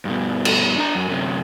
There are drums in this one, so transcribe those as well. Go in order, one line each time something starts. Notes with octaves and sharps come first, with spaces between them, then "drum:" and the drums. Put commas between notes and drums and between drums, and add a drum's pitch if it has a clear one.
G2 B2
drum: cymbal
D4 A#5
F#2
F#2 C3